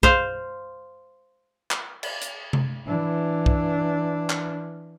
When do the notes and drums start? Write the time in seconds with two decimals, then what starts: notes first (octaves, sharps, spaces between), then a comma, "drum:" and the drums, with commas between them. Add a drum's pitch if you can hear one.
0.03 C5 F5, drum: kick B1
1.71 drum: clap
2.03 drum: cymbal
2.22 drum: hi-hat
2.53 drum: tom C3
2.87 E3 D4
3.46 drum: kick B1
4.30 drum: clap